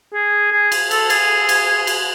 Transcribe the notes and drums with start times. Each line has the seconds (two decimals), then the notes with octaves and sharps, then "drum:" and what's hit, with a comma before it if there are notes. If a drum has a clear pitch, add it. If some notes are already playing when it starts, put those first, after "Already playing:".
0.14 G#4
0.52 G#4
0.72 drum: cymbal
0.91 A4, drum: cymbal
1.10 G#4, drum: cymbal
1.49 drum: cymbal
1.87 drum: cymbal